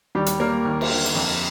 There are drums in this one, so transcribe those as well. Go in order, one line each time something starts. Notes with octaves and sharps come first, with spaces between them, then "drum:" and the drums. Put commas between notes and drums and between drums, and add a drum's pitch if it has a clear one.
D#2 G3 G4
drum: hi-hat
G3 A#3 A#4
D#2
drum: cymbal
D3
drum: cymbal
F2